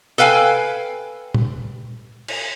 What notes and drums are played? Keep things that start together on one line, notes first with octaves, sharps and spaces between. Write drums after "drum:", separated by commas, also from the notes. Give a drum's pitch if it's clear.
A4 B4 F5 G5 G#5
drum: tom
drum: cymbal